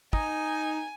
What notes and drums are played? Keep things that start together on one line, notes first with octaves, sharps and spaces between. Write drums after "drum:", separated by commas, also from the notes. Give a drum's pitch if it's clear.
D#4 G#5, drum: kick